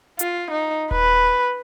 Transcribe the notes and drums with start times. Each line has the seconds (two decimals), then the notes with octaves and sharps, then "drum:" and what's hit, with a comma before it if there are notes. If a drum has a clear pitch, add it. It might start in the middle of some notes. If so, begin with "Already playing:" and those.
0.19 F4, drum: hi-hat
0.50 D#4
0.91 B4, drum: kick D#1